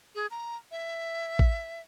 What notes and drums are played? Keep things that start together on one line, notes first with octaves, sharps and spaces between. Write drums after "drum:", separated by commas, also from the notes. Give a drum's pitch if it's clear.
G#4
A#5
E5
drum: kick